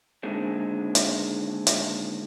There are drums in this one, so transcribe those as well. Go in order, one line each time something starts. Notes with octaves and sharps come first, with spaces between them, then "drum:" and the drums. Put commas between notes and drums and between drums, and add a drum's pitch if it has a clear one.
A#2 D3 D#3 G#3 C4
drum: hi-hat
drum: hi-hat